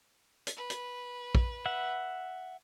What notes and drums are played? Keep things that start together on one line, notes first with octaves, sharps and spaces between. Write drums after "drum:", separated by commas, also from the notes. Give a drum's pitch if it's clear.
drum: hi-hat
B4
drum: hi-hat
drum: kick
E5 F#5